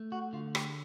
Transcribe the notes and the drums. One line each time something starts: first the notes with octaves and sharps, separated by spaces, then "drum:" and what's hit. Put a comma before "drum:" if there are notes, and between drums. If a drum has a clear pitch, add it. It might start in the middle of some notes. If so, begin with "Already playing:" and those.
Already playing: A3
F#4
D3 F4
G4, drum: rim click